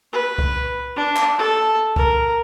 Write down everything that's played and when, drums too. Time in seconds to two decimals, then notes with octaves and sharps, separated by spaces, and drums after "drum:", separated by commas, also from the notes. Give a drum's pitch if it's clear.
0.13 B4
0.38 drum: kick C2
0.96 D4
1.16 drum: clap
1.38 A4
1.96 A#4, drum: kick C2